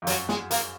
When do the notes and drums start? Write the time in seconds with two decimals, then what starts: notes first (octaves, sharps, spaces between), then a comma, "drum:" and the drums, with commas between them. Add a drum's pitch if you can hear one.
0.02 F2
0.07 F#2 F#3, drum: hi-hat
0.29 G#3, drum: snare
0.51 A#3, drum: hi-hat